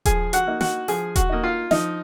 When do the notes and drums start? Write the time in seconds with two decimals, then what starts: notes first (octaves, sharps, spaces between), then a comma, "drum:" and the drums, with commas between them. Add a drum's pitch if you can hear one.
0.05 F3 G#4 G#5, drum: kick D#1, hi-hat
0.33 F#4 F#5, drum: hi-hat
0.47 A#3 D#4
0.61 F#4 F#5, drum: snare
0.88 F3 G#4 G#5, drum: open hi-hat
1.16 F#4 F#5, drum: kick D#1, hi-hat
1.29 A#3 D#4 D#5
1.43 F4 F5
1.71 F3 D#4 D#5, drum: snare